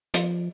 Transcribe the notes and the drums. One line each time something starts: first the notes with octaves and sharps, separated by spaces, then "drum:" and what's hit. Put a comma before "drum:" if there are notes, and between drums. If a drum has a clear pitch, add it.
F3, drum: hi-hat